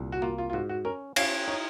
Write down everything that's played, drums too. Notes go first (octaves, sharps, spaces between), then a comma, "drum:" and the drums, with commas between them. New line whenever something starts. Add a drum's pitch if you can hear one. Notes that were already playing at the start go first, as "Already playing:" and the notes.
Already playing: C2 A#2
F#4
A#3 F4
F4
F4
G#2 F#4
F#4
C#4 A#4
C#4 F5, drum: cymbal
D#4 C#5